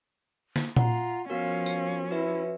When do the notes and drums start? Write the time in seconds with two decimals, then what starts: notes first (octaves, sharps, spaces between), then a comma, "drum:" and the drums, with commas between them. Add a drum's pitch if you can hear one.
0.56 drum: snare
0.76 F4 F#5 A#5, drum: tom A#2
1.30 F3 B3 C#4 F#4 A#4 F5
1.66 drum: tambourine
2.11 E4 F#4 B4 E5